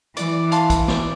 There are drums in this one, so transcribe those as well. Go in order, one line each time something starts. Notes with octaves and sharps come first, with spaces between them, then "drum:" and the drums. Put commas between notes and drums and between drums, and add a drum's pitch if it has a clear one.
E3 D5, drum: hi-hat
F5 A5 C6, drum: hi-hat
drum: kick, hi-hat
D5, drum: snare